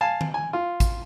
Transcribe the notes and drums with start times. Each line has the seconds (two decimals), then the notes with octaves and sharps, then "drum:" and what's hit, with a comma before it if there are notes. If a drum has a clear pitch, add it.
0.01 F5 G#5 A5
0.21 drum: tom D#3
0.34 G#5
0.53 F4
0.80 drum: kick, hi-hat